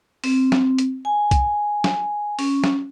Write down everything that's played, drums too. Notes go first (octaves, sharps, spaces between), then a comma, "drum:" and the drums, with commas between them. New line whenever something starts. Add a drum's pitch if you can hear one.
C4, drum: open hi-hat
drum: snare
drum: hi-hat
G#5
drum: kick, hi-hat
drum: snare
C#4, drum: open hi-hat
drum: snare